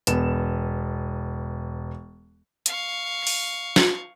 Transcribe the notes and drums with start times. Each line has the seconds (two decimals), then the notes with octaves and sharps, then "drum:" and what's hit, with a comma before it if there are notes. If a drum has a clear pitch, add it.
0.07 E1 B3 E7, drum: hi-hat
2.66 F5 C#6, drum: hi-hat
3.27 drum: open hi-hat
3.76 drum: snare